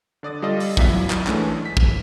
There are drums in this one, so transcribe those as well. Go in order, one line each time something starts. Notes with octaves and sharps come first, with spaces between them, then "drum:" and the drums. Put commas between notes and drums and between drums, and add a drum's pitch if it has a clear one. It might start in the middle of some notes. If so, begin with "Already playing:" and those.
D3 D5 D#6 A6
G3 F4 A4 D5 D#5
drum: open hi-hat
E2 G#2 F#3 E5 F5 B6, drum: kick
F#3 E4
drum: clap
E3 G#3 A3 C#4 D4, drum: clap
B6
drum: kick